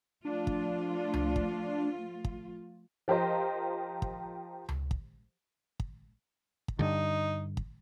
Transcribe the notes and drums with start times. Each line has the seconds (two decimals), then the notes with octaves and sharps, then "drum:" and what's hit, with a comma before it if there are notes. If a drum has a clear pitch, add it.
0.25 F3 A3 D4 F4
0.47 drum: kick
1.14 drum: tom C#2
1.36 drum: kick
2.24 drum: kick
3.08 F3 G4 A#4 C5 D#5
4.02 drum: kick
4.69 drum: tom C#2
4.91 drum: kick
5.80 drum: kick
6.68 drum: kick
6.79 G2 D3 D#4
7.57 drum: kick